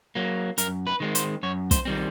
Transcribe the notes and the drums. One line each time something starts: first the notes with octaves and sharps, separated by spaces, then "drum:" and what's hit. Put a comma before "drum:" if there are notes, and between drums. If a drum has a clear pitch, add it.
F#3 A#3
F#2 A#4, drum: hi-hat
B4
D#3 G#3 C4
C5, drum: hi-hat
F#2 C#5
C5, drum: kick, hi-hat
D#3 G3 C4